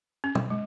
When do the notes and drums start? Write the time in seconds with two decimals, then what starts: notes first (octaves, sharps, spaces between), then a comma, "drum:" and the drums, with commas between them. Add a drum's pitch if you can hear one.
0.24 C#4
0.35 drum: tom
0.50 G#3